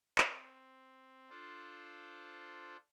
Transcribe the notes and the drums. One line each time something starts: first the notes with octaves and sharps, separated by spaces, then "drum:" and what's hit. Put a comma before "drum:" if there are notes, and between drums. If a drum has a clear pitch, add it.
C4, drum: clap
D4 F4 A4 C5